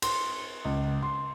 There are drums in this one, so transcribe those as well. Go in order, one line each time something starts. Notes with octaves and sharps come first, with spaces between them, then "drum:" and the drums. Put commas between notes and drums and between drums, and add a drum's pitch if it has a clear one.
C6, drum: cymbal
C#2
C6